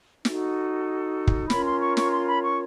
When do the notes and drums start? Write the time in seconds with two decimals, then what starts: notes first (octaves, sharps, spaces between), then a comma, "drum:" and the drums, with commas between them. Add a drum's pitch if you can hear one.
0.25 D#4 F#4 A4, drum: snare
1.27 drum: kick
1.50 C#4 F4 A#4 C#5 B5, drum: snare
1.65 C6
1.81 C#6
1.97 C#6, drum: snare
2.12 C6
2.28 B5
2.44 C#6